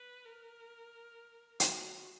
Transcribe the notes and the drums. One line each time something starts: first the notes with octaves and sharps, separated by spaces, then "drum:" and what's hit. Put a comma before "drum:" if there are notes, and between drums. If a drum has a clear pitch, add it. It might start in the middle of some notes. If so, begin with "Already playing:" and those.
Already playing: B4
A#4
F#4, drum: hi-hat